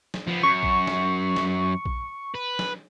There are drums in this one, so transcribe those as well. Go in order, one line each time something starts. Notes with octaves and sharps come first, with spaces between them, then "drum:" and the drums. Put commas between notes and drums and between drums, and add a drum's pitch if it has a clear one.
drum: snare
F3 B3
F#2 C#6
drum: kick A#1
drum: snare
drum: snare
drum: kick A#1
B4
drum: snare